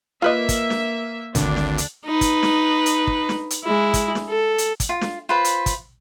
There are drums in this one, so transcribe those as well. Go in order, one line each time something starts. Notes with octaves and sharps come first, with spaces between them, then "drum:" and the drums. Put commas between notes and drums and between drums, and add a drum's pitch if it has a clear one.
A#3 F4 B4 D#5 E5
drum: kick, hi-hat
drum: snare
G#1 D2 D4, drum: kick, hi-hat
drum: snare
drum: hi-hat
D#4 B4
drum: kick, hi-hat
drum: snare
drum: hi-hat
drum: kick
drum: snare
drum: hi-hat
G#3 E4
drum: kick, hi-hat
drum: snare
A4
drum: hi-hat
drum: kick, hi-hat
F4
drum: snare
F4 B4 C5
drum: hi-hat
drum: kick, hi-hat